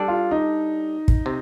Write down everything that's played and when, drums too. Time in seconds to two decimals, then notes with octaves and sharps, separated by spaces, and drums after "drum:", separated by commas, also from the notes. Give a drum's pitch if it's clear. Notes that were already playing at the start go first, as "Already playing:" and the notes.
Already playing: G3 D4 A4 D5
0.08 F4
0.31 D#4
1.08 drum: kick
1.26 C3